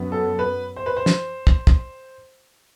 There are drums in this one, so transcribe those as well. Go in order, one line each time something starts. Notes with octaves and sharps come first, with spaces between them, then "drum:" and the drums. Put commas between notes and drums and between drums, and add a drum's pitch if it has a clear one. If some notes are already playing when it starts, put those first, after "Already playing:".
Already playing: F#2 F#3 B3
A4
B4
C5
B4
C5
drum: snare
drum: kick
drum: kick